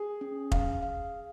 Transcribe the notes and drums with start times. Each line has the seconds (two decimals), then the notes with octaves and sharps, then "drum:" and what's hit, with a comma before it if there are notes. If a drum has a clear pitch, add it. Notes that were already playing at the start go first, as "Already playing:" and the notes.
Already playing: G#4
0.21 C#4
0.52 F5, drum: kick F1
0.83 F5